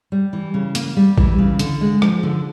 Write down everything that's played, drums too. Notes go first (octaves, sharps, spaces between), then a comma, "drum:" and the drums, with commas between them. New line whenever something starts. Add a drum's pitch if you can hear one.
G3
E3
C#3
A#3, drum: hi-hat
G3
E3, drum: kick
C#3
D3, drum: hi-hat
G#3
F3, drum: rim click
D3